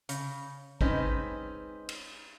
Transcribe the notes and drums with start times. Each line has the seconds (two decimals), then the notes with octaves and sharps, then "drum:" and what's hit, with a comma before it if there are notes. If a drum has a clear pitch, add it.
0.09 C#3, drum: hi-hat
0.81 G#3 C4 C#4 D#4 B4, drum: kick
1.89 drum: cymbal